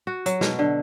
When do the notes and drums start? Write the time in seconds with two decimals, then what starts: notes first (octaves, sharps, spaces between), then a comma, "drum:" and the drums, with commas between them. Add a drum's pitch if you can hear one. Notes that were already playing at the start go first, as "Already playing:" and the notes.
0.07 F#4
0.26 F#3, drum: hi-hat
0.41 B2, drum: snare
0.59 D3